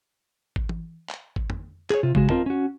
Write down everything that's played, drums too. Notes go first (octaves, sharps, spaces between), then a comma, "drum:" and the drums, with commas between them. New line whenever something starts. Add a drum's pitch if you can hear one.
drum: kick G#1
drum: tom E3
drum: clap
drum: kick G#1
drum: tom
G#4 C#5, drum: clap
C3 F4
C#3 G#3 F#4, drum: kick G#1
C4 F4 A#4 D#5 A5, drum: tom
C#4 F#4